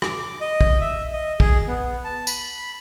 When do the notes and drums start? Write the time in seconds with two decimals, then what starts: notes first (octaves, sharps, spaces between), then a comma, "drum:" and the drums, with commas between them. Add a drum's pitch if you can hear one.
0.02 D6, drum: rim click
0.41 D#5
0.61 drum: kick
0.81 E5
1.13 D#5
1.40 G#4, drum: kick
1.68 B3
2.04 A5
2.27 B5, drum: tambourine